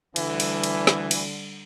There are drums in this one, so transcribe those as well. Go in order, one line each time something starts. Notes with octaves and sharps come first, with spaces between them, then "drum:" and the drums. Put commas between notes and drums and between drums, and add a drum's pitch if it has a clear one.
D2 D3 E3 G3, drum: cymbal
drum: cymbal
drum: cymbal
drum: snare
drum: cymbal